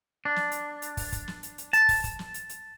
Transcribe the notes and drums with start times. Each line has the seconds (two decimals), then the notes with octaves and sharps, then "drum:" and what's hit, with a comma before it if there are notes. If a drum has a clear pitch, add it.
0.25 D4
0.36 drum: snare
0.52 drum: hi-hat
0.82 drum: hi-hat
0.97 drum: kick, open hi-hat
1.12 drum: kick, hi-hat
1.28 drum: snare
1.43 drum: hi-hat
1.58 drum: hi-hat
1.73 A5, drum: hi-hat
1.89 drum: kick, open hi-hat
2.04 drum: kick, hi-hat
2.19 drum: snare
2.34 drum: hi-hat
2.49 drum: hi-hat